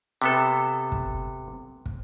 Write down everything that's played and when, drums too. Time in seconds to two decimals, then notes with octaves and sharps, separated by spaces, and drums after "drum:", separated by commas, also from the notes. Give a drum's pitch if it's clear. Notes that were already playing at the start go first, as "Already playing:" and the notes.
0.22 C3 B3 A4
0.92 drum: kick
1.86 drum: kick